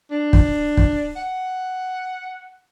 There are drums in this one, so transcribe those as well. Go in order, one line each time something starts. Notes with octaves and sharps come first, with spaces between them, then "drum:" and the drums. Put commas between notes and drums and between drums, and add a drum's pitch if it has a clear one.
D4
drum: kick
drum: kick
F#5